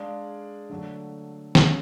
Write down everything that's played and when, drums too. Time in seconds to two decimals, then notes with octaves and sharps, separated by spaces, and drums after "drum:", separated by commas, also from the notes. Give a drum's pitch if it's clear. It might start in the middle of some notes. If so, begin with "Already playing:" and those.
Already playing: G#3 D4 G#4 D5 F5
0.69 D3 F#3 A3
1.55 G#3 C#4 G#4, drum: snare